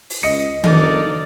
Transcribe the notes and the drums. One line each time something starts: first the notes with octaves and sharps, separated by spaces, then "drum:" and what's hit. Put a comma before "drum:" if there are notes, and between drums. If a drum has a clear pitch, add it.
drum: open hi-hat
C#2 D#5 D#6 C#7
F#1 A#3 D4 D#4 A4 D5, drum: tom D#3